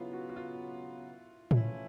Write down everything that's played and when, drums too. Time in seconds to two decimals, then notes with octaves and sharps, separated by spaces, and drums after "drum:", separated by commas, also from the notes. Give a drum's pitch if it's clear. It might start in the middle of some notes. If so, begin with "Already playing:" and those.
Already playing: C#3 F#3 B3 E4 F4
0.13 F#4
0.29 F#4
0.36 F4
1.51 E3 A3 C#4 E4, drum: tom A2